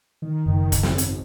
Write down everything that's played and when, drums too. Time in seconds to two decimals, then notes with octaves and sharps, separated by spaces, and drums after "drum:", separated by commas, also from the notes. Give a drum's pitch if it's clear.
0.22 D#3
0.46 F#1
0.72 drum: kick, hi-hat
0.83 G#1, drum: snare
0.98 drum: hi-hat